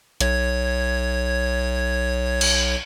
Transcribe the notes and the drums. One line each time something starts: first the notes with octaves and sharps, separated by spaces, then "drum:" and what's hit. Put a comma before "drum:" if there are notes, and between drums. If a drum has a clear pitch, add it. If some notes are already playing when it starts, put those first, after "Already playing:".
B1 C#5 G#6, drum: hi-hat
drum: cymbal